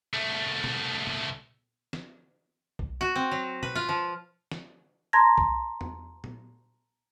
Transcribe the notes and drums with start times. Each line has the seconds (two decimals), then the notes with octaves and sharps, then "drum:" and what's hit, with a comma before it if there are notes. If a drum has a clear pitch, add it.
0.13 C2 A3
0.64 drum: tom
1.07 drum: tom A#2
1.93 drum: snare
2.79 drum: kick B1
3.01 F#4
3.16 C4
3.31 F#3
3.63 B4, drum: tom
3.75 F4
3.89 F3
4.51 drum: snare
5.13 A5 A#5 C6 G#6 A#6
5.38 drum: kick B1
5.81 drum: tom E2
6.24 drum: tom A#2